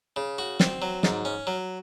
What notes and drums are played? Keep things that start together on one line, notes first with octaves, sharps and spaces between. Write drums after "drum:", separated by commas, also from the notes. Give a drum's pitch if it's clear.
C#3
F#4
C4, drum: snare
F#3
G#2, drum: snare
C#4
F#3